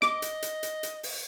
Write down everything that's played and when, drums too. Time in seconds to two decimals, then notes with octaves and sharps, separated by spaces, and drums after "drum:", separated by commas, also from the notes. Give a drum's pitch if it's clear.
0.02 D#5 D6, drum: snare
0.22 drum: hi-hat
0.42 drum: hi-hat
0.63 drum: hi-hat
0.83 drum: hi-hat
1.03 drum: open hi-hat